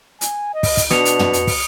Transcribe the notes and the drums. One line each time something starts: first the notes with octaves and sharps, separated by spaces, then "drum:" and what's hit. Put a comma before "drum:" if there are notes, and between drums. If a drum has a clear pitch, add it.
G#5, drum: hi-hat
D#5
drum: kick, open hi-hat
drum: kick, hi-hat
B2 D4 D#6 C#7 F7, drum: snare
drum: hi-hat
drum: tom
drum: hi-hat
drum: kick, open hi-hat